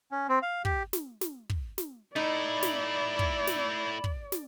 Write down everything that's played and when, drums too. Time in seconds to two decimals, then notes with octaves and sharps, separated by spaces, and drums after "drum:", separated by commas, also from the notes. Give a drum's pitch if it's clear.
0.11 C#4
0.29 C4
0.43 F5
0.65 G4, drum: kick
0.93 drum: snare
1.21 drum: snare
1.50 drum: kick
1.78 drum: snare
2.16 A3 D#4 E4 D5 B5
2.63 drum: snare
3.19 drum: kick
3.47 drum: snare
4.04 drum: kick
4.32 drum: snare